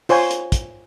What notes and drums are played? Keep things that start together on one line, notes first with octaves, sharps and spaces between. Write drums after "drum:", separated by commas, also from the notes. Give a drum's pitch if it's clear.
F4 C5 C#5 G#5, drum: open hi-hat
drum: hi-hat
drum: kick, hi-hat